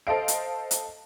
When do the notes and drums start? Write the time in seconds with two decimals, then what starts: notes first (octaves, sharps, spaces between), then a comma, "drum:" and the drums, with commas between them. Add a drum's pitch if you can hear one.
0.07 A4 C5 D#5 F5 D7
0.28 drum: hi-hat
0.71 drum: hi-hat